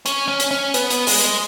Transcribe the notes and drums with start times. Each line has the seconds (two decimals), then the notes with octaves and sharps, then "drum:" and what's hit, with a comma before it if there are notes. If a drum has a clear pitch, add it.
0.06 C#4, drum: hi-hat
0.28 C#4
0.40 drum: hi-hat
0.51 C#4
0.74 B3, drum: hi-hat
0.90 drum: hi-hat
1.07 G#3, drum: open hi-hat
1.24 drum: hi-hat